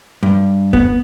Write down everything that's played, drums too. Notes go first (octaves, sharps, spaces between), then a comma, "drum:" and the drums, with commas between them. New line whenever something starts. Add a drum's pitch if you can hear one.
G2
B3, drum: kick